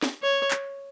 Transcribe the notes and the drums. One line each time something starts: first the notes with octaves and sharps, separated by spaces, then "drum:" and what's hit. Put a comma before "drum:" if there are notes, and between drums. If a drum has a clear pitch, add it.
drum: snare
C#5
drum: clap